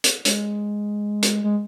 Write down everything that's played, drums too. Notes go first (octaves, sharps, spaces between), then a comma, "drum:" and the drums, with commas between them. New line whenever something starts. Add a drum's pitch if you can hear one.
drum: hi-hat
G#3, drum: hi-hat
drum: hi-hat
G#3